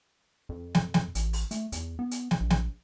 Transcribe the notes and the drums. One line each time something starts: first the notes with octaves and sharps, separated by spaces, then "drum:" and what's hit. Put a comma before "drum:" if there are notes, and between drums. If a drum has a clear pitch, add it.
F2
drum: snare
drum: snare
A1, drum: hi-hat
drum: open hi-hat
A3, drum: hi-hat
E2, drum: hi-hat
B3
drum: hi-hat
drum: snare
A#1
drum: snare